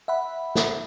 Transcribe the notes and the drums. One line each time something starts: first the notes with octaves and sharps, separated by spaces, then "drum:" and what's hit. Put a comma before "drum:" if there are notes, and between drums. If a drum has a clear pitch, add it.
E5 F#5 B5
drum: snare